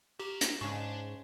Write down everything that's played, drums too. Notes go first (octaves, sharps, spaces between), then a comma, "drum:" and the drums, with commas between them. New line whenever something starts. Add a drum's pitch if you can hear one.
F#4 G4 A#4
drum: hi-hat
G#2 C#3 G#3 D4 C#6